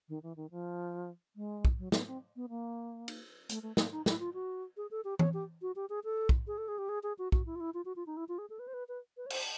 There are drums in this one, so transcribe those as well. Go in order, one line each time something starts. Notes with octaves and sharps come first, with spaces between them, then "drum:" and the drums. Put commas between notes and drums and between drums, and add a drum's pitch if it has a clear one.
D#3
E3
D#3
F3
G#3
drum: kick
F#3
B3, drum: snare
C4
B3
A#3
drum: cymbal
A3, drum: hi-hat
A3
A#3, drum: snare
D#4
E4, drum: snare
F4
F#4
G#4
A4
G4
C#5, drum: tom E3
G4
F#4
G4
G#4
A4
drum: kick
G#4
A4
G#4
G4
G#4
G#4
F#4
F#4, drum: kick
E4
F4
E4
F4
F#4
F4
D#4
E4
F4
G#4
A4
B4
C5
B4
B4
B4
C#5
C5, drum: cymbal